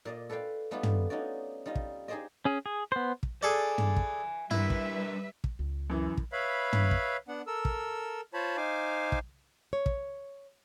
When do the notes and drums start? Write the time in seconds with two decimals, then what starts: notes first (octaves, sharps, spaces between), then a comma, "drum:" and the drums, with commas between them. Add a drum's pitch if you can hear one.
0.05 A#2 D5 D#5
0.29 A4 B4 D5 F5 G5
0.71 G3 A3 B3 D#4 F4 G4
0.83 drum: tom
1.10 C#4 D#4 F4 F#4 D5
1.66 G3 D#4 F4 D#5
1.75 drum: kick
2.08 D#4 G4 G#4 C5 D5 D#5
2.45 C#4 G#4
2.66 G#4
2.92 B3 C5
3.23 drum: kick
3.43 G#4 A4 D5 E5 G#5
3.78 drum: tom
3.96 drum: kick
4.51 G3 D4 E4 A#4 B4 E5, drum: tom
4.70 drum: kick
5.44 drum: kick
5.59 C#2
5.90 F#2 E3
6.17 drum: kick
6.32 B4 C#5 E5 F5 B5
6.73 drum: tom
6.91 drum: kick
7.28 B3 D4 F#5
7.47 A4 A#4 E6
7.65 drum: kick
8.34 F4 C5 C#5 A5 B5
8.57 D#4 C5 F5 G#5 D6
9.12 drum: kick
9.73 C#5
9.86 drum: kick